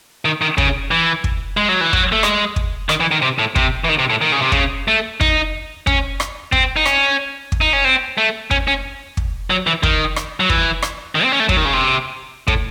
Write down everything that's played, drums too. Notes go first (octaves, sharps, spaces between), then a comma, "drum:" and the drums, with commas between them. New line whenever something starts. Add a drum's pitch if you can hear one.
D#3
D#3
C#3, drum: kick
E3
drum: kick
G#3
F#3
E3
F#3, drum: kick
A3
G#3, drum: rim click
drum: kick
D#3, drum: rim click
E3
D#3
C3
A2
C3, drum: kick
E3
D#3
C3
A2
D#3
C#3
C3
C#3, drum: kick
A3
D#4, drum: kick
C#4, drum: kick
drum: rim click
C4, drum: kick
D#4
C#4, drum: rim click
drum: kick
D#4
C#4
C4
A3
C#4, drum: kick
C#4
drum: kick
F#3
E3
D#3, drum: kick
drum: rim click
F#3
E3, drum: kick
drum: rim click
D#3
C4
C#4
A3
F#3, drum: kick
D#3
C#3
C3
A2, drum: kick